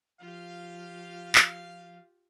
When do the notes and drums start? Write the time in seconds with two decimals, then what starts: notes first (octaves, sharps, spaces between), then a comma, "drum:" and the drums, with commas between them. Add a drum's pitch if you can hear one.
0.20 F3 F4 G4 F5
1.35 drum: clap